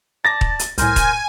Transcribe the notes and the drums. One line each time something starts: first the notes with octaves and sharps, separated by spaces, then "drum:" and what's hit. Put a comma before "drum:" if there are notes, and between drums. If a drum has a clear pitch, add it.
D5 A5 A#5 D6 A6 A#6
drum: kick D#1
drum: hi-hat
C2 A2 A#4 C5 G#5, drum: hi-hat
drum: kick D#1, hi-hat